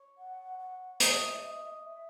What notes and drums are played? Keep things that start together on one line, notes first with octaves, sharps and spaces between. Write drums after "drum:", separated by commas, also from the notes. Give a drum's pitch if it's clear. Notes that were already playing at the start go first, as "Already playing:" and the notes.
Already playing: C#5
F#5
F#5
D#5 E5, drum: hi-hat
E5